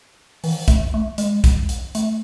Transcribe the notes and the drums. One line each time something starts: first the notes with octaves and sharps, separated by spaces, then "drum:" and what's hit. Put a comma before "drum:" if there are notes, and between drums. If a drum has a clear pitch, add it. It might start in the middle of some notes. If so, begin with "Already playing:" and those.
E3, drum: open hi-hat
A3, drum: kick, hi-hat
A3
G#3, drum: hi-hat
drum: kick, hi-hat
drum: hi-hat
A3, drum: hi-hat